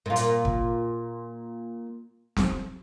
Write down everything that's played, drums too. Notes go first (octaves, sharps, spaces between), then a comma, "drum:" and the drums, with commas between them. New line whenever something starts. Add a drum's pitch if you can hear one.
A#2 F4
drum: hi-hat
drum: kick
drum: snare